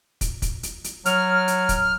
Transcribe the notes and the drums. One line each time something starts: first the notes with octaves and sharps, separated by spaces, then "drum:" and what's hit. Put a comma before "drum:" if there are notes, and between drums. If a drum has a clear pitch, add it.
drum: kick, hi-hat
drum: kick, hi-hat
drum: hi-hat
drum: hi-hat
F#3 F6, drum: hi-hat
drum: hi-hat
drum: kick, hi-hat